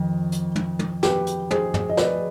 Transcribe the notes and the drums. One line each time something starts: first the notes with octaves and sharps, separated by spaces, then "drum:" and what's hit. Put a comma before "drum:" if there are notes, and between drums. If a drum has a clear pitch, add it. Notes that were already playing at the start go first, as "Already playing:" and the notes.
Already playing: F2 D#3
drum: hi-hat
drum: tom
drum: tom
G4 B4, drum: snare
drum: hi-hat
G#4 C5, drum: tom
drum: tom
D#5
B4 D5, drum: snare